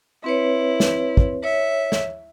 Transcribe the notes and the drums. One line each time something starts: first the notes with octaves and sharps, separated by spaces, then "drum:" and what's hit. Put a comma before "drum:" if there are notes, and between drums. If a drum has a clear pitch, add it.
C4 E4 B4 C#5
drum: snare
drum: kick
C#5 E5
drum: snare